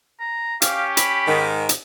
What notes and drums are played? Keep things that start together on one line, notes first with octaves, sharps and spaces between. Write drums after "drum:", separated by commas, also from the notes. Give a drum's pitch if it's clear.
A#5
C#4 G4 F5, drum: hi-hat
B5, drum: hi-hat
G#2 D#3
drum: hi-hat